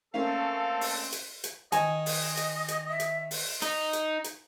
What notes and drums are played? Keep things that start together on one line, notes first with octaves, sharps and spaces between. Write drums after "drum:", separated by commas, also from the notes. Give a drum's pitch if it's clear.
A3 A#3 C4 C#4 A4 F5
drum: open hi-hat
drum: hi-hat
drum: hi-hat
D#3 D#5 G#5, drum: hi-hat
drum: open hi-hat
drum: hi-hat
drum: hi-hat
E5
drum: hi-hat
drum: open hi-hat
D#4, drum: hi-hat
drum: hi-hat
drum: hi-hat